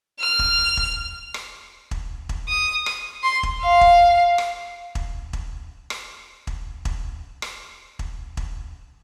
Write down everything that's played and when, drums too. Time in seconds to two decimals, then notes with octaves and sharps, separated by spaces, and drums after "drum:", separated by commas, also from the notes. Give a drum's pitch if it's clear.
0.20 F6
0.39 drum: kick E1
0.77 drum: kick E1
1.34 drum: rim click
1.91 drum: kick E1
2.29 drum: kick E1
2.48 D#6
2.86 drum: rim click
3.24 C6
3.43 drum: kick E1
3.62 F5
3.81 drum: kick E1
4.38 drum: rim click
4.95 drum: kick E1
5.33 drum: kick E1
5.90 drum: rim click
6.47 drum: kick E1
6.85 drum: kick E1
7.42 drum: rim click
7.99 drum: kick E1
8.37 drum: kick E1